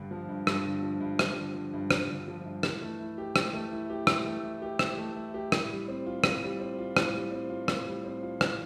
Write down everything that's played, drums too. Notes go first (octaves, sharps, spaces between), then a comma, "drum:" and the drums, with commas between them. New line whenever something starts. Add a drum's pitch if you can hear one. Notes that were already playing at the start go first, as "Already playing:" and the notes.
Already playing: G2 D3
F3
G2
G2, drum: rim click
D3
F3
G2
G2, drum: rim click
D3
F3
G2
G2, drum: rim click
D3
F3
G2
E3, drum: rim click
A3
E4
G4
E3, drum: rim click
A3
E4
G4
E3, drum: rim click
A3
E4
G4
E3, drum: rim click
A3
E4
G4
A2, drum: rim click
G3
C4
F4
A2, drum: rim click
G3
C4
F4
A2, drum: rim click
G3
C4
F4
A2, drum: rim click
G3
C4
F4
E3, drum: rim click